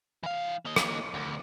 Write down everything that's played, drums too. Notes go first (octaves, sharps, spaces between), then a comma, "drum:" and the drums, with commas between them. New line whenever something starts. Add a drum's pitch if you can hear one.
E3 F5
A#3 D#5
drum: rim click
D2